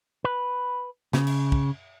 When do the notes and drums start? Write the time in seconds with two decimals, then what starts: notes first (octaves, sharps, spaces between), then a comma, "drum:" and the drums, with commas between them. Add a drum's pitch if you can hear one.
0.24 B4
1.13 C#3, drum: snare
1.27 drum: cymbal
1.52 drum: kick